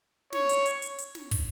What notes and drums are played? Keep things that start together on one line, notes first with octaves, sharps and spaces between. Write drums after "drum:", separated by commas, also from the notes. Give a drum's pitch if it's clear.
C#5, drum: snare
drum: hi-hat
drum: hi-hat
drum: hi-hat
drum: hi-hat
drum: snare
drum: kick, open hi-hat